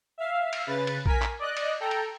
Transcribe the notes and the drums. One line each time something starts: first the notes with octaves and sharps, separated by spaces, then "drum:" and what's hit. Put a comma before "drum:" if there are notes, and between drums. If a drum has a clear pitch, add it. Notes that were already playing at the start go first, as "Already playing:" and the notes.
E5 F5
drum: cymbal
C#3 B4 A6
drum: cymbal
A#4 G#5 B6, drum: kick A#1
drum: clap
D5 D#5 F#6
drum: cymbal
A4 G5 A#5
drum: cymbal